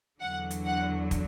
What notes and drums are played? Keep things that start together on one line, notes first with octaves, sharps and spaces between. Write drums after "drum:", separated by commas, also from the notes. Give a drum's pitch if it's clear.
E2 D3 F#3 F#5
drum: hi-hat
F#5
drum: kick, hi-hat